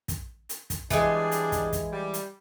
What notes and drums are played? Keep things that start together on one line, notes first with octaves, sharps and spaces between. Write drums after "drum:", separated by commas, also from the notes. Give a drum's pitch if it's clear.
drum: kick, hi-hat
drum: hi-hat
drum: kick, hi-hat
E3 G3 G#3 D4 G#4, drum: kick, hi-hat
drum: hi-hat
drum: kick, hi-hat
drum: kick, hi-hat
G3
drum: hi-hat